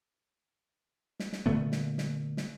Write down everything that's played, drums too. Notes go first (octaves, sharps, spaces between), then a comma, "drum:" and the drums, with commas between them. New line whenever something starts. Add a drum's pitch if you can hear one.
drum: snare
drum: snare
A#2 D3 A3 B3
drum: snare
drum: snare
drum: snare